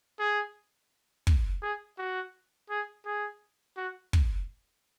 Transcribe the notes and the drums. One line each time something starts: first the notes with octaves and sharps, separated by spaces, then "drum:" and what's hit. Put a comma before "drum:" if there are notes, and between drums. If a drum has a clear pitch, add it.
G#4
drum: kick
G#4
F#4
G#4
G#4
F#4
drum: kick